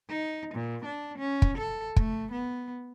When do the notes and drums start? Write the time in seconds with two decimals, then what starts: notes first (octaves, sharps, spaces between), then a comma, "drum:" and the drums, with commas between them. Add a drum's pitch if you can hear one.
0.10 D#4
0.55 A#2
0.85 D4
1.18 C#4
1.42 drum: kick
1.58 A4
1.96 A3, drum: kick
2.32 B3